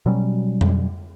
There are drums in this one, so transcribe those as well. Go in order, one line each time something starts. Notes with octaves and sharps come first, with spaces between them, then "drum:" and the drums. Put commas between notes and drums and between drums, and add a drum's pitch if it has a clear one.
B2 F#3 G3 C#4
drum: tom F2